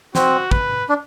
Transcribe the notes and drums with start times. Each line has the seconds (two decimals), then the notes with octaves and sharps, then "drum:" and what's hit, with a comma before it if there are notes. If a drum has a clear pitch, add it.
0.15 C4 F#4, drum: snare
0.51 B4, drum: kick
0.89 D4